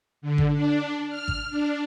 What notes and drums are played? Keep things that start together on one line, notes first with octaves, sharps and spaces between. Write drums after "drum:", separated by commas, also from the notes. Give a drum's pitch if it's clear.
D3
drum: kick G#1
D4
F6
drum: kick G#1
D4